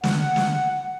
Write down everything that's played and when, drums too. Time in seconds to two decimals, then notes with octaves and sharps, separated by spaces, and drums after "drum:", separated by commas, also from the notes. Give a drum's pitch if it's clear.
0.04 F#5, drum: snare
0.36 drum: snare